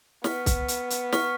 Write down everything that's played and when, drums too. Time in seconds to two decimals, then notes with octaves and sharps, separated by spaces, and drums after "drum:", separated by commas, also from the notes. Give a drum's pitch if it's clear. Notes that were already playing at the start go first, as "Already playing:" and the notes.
0.24 B3 C#6 F6 B6, drum: snare
0.46 drum: kick C2, hi-hat
0.68 drum: hi-hat
0.90 drum: hi-hat
1.12 C#6 F6 B6, drum: snare